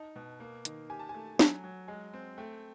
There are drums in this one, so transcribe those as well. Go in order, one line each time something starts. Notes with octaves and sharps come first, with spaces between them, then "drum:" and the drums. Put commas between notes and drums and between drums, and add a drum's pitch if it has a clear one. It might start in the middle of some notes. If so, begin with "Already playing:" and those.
Already playing: D#4 A5
B2
A#3
D#3, drum: hi-hat
G4 G#5
A5
A3 G#5
F#3, drum: snare D4
F#3
G#3 G#5
C4
A3 G5